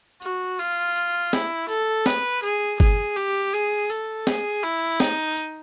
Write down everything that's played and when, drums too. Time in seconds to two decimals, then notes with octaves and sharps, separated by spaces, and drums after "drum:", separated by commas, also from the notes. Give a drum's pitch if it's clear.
0.22 F#4, drum: tambourine
0.60 F4, drum: tambourine
0.96 drum: tambourine
1.33 E4, drum: snare
1.69 A4, drum: tambourine
2.06 B4, drum: snare
2.43 G#4, drum: tambourine
2.80 G#4, drum: kick G1, tambourine
3.16 G4, drum: tambourine
3.53 G#4, drum: tambourine
3.90 A4, drum: tambourine
4.27 G#4, drum: snare
4.63 E4, drum: tambourine
5.00 D#4, drum: snare
5.37 drum: tambourine